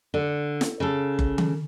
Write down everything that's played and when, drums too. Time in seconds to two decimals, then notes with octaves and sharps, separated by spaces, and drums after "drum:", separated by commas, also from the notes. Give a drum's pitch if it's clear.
0.14 D3
0.61 drum: snare
0.80 C#3 A4
1.19 drum: kick F#1
1.38 drum: tom D#3